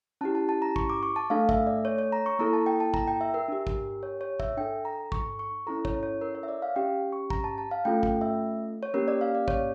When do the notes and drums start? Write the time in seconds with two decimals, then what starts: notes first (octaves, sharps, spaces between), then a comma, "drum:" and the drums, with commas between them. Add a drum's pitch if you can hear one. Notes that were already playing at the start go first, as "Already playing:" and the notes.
0.21 C#4 E4 G4 A5
0.35 A5
0.49 A5
0.62 A#5
0.76 C#6, drum: kick A1
0.90 D6
1.03 C#6
1.16 A5
1.30 A3 D4 A4 F5
1.49 E5, drum: kick A1
1.67 D5
1.85 C#5
1.98 C#5
2.12 A#5
2.26 C#6
2.39 A#3 E4 A4 A#5
2.53 A5
2.66 G5
2.80 A5
2.94 A#5, drum: kick A1
3.08 G5
3.21 E5
3.34 A#4
3.48 D4 G4
3.67 drum: kick A1
4.03 C#5
4.21 C#5
4.40 E5, drum: kick A1
4.57 D4 A4 G5
4.85 A#5
5.12 C#6, drum: kick A1
5.39 C#6
5.67 C#4 E4 A4 A#5
5.85 C#5, drum: kick A1
6.03 C#5
6.21 A#4
6.35 C#5
6.43 E5
6.48 D5
6.62 F5
6.76 C#4 G4 G5
7.13 C#6
7.30 A#5, drum: kick A1
7.44 A5
7.58 A5
7.71 F5
7.85 A3 C#4 F4 A4 G5
8.03 G5, drum: kick A1
8.21 E5
8.83 C#5
8.94 A#3 C#4 G4 A#4
9.08 D5
9.21 F5
9.35 D5
9.48 C#5, drum: kick A1